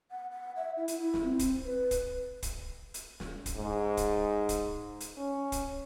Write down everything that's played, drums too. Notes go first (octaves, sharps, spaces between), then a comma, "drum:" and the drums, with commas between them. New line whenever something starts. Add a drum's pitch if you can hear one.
F#5
F#5
E5
E4
drum: hi-hat
E4
drum: snare
C4
drum: kick, hi-hat
B4
drum: kick, hi-hat
drum: kick, hi-hat
drum: hi-hat
drum: snare
drum: kick, hi-hat
G#2
drum: kick, hi-hat
drum: kick, hi-hat
drum: hi-hat
C#4
drum: kick, hi-hat